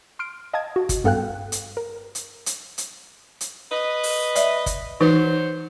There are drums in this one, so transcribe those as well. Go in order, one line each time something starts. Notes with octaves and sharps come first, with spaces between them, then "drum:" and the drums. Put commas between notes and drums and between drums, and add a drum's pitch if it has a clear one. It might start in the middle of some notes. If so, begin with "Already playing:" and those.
C6 F6 D7
D#5 F5 A5 D#6 G#6
F#4
drum: kick G1, hi-hat
G2 B3 A4 F5 G5 F#6
drum: hi-hat
A#4
drum: hi-hat
drum: hi-hat
drum: hi-hat
drum: hi-hat
B4 D#5
drum: open hi-hat
D5 E5, drum: hi-hat
drum: kick G1, hi-hat
E3 F#3 D#4 B4 C5